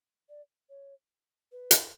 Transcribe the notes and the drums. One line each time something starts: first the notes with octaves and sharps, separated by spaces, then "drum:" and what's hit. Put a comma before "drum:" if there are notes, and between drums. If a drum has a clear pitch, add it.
D5
C#5
B4
drum: hi-hat